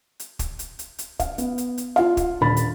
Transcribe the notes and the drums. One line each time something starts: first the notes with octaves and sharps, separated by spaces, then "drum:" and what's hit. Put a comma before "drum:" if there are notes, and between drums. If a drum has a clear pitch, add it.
drum: hi-hat
drum: kick, hi-hat
drum: hi-hat
drum: hi-hat
drum: hi-hat
F5, drum: kick, hi-hat
B3, drum: hi-hat
drum: hi-hat
drum: hi-hat
F4 F5, drum: snare E4
drum: kick, hi-hat
D#1 D3 B5 A6
drum: hi-hat